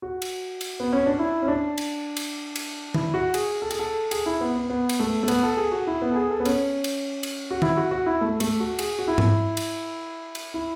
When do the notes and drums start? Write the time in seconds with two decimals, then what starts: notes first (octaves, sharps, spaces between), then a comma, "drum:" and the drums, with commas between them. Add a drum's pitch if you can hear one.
0.02 F#4
0.22 drum: cymbal
0.61 drum: cymbal
0.80 B3
0.93 C#4
1.06 D4
1.19 E4
1.42 C#4
1.48 D4
1.78 drum: cymbal
2.17 drum: cymbal
2.56 drum: cymbal
2.94 E4, drum: tom D#3
3.14 F#4
3.34 G#4, drum: cymbal
3.62 A4
3.71 G#4, drum: cymbal
3.79 A4
4.11 G#4, drum: cymbal
4.26 E4
4.41 B3
4.55 B3
4.70 B3
4.89 drum: cymbal
5.00 A3
5.23 A3
5.28 B3, drum: cymbal
5.43 A4
5.57 G#4
5.72 F#4
5.87 E4
6.02 B3
6.11 A4
6.16 G#4
6.31 A4
6.40 B3
6.45 C#4, drum: cymbal
6.84 drum: cymbal
7.23 drum: cymbal
7.51 F#4
7.62 E4, drum: tom D#3
7.77 F#4
7.91 F#4
8.06 E4
8.21 A3
8.40 A3, drum: cymbal
8.60 F#4
8.79 G#4, drum: cymbal
8.99 F#4
9.08 E4
9.18 drum: tom G#2
9.57 drum: cymbal
10.35 drum: cymbal
10.54 E4